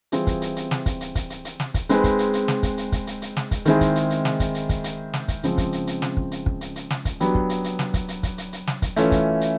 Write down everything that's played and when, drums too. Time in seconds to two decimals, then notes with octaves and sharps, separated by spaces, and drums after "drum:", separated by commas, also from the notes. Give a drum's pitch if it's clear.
0.12 E3 G3 C4 F4 G#4, drum: hi-hat
0.27 drum: kick, hi-hat
0.42 drum: hi-hat
0.56 drum: hi-hat
0.71 drum: snare
0.86 drum: kick, hi-hat
1.01 drum: hi-hat
1.15 drum: kick, hi-hat
1.30 drum: hi-hat
1.45 drum: hi-hat
1.60 drum: snare
1.74 drum: kick, hi-hat
1.89 G#3 C4 D#4 G#4 B4, drum: hi-hat
2.04 drum: kick, hi-hat
2.19 drum: hi-hat
2.33 drum: hi-hat
2.48 drum: snare
2.63 drum: kick, hi-hat
2.78 drum: hi-hat
2.92 drum: kick, hi-hat
3.07 drum: hi-hat
3.22 drum: hi-hat
3.37 drum: snare
3.51 drum: kick, hi-hat
3.65 D#3 G#3 C4 E4 G#4, drum: hi-hat
3.81 drum: kick, hi-hat
3.96 drum: hi-hat
4.10 drum: hi-hat
4.25 drum: snare
4.40 drum: kick, hi-hat
4.55 drum: hi-hat
4.69 drum: kick, hi-hat
4.84 drum: hi-hat
5.14 drum: snare
5.28 drum: kick, hi-hat
5.43 C#3 F3 G#3 C4, drum: hi-hat
5.58 drum: kick, hi-hat
5.72 drum: hi-hat
5.87 drum: hi-hat
6.02 drum: snare
6.17 drum: kick
6.31 drum: hi-hat
6.46 drum: kick
6.61 drum: hi-hat
6.76 drum: hi-hat
6.90 drum: snare
7.05 drum: kick, hi-hat
7.20 F#3 B3 D4 G4, drum: hi-hat
7.35 drum: kick
7.49 drum: hi-hat
7.64 drum: hi-hat
7.79 drum: snare
7.94 drum: kick, hi-hat
8.08 drum: hi-hat
8.23 drum: kick, hi-hat
8.38 drum: hi-hat
8.53 drum: hi-hat
8.67 drum: snare
8.82 drum: kick, hi-hat
8.97 E3 A3 C#4 F4, drum: hi-hat
9.12 drum: kick, hi-hat
9.41 drum: hi-hat